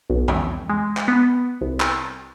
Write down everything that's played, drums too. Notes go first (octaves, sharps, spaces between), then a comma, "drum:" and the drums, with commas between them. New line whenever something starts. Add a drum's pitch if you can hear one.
B1
drum: tom
G#3
drum: clap
B3
C2
drum: clap